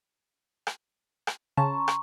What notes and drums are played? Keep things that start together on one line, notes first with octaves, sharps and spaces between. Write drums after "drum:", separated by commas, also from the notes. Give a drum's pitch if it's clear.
drum: rim click
drum: rim click
C#3 C#4 A5 A#5 C6 C#6
drum: rim click